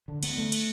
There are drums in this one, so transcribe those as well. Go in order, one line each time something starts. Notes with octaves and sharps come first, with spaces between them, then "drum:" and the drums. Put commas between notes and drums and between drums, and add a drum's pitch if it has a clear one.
D3
D2 B3, drum: cymbal
D3 A3
drum: cymbal